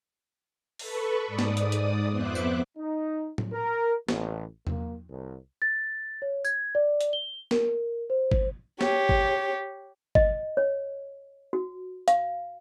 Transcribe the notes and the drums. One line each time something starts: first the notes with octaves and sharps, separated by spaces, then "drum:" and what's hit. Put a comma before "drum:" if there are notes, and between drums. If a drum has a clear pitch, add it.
A4 B4 B5 C#6, drum: open hi-hat
G#2 D5 D#6
drum: snare
drum: hi-hat
drum: hi-hat
F2 B3 C5 E5 D6 F#6
drum: tambourine
D#4
drum: tom A2
A#4
A1, drum: snare
A#3, drum: tom E2
C2
A6
C#5
G#6, drum: tambourine
D5
drum: hi-hat
G7
A#4, drum: snare
C5
drum: kick G#1
G4 C#5, drum: snare
drum: kick G#1
D#5, drum: kick G#1
C#5
F#4
F5, drum: hi-hat